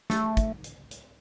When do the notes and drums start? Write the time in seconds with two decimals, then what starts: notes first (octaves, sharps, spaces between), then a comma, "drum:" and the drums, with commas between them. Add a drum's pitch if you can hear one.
0.10 A3, drum: snare
0.37 drum: kick, hi-hat
0.64 drum: hi-hat
0.91 drum: hi-hat